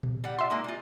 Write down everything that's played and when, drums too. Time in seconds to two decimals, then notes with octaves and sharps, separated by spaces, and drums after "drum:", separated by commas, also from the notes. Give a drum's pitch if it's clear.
0.03 drum: tom A#2
0.24 G3 F#5
0.39 F4 E5 C6
0.50 G#3 A#3 D#4
0.64 G3 F4